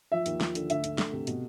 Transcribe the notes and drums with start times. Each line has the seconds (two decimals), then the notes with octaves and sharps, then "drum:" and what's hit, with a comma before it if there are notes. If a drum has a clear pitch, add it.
0.12 F3 E5
0.26 D#2, drum: hi-hat
0.41 F3, drum: snare
0.55 D3, drum: hi-hat
0.70 D2 E5, drum: hi-hat
0.84 D2, drum: hi-hat
0.98 D2, drum: snare
1.13 C3
1.27 B2, drum: hi-hat